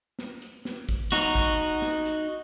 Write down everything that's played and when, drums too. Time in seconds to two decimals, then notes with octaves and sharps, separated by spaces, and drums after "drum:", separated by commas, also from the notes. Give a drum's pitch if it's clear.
0.19 drum: snare
0.42 drum: hi-hat
0.65 drum: snare
0.89 drum: kick A1, hi-hat
1.12 D#4 F#4, drum: snare
1.35 drum: kick A1, hi-hat
1.59 drum: hi-hat
1.82 drum: snare
2.05 drum: hi-hat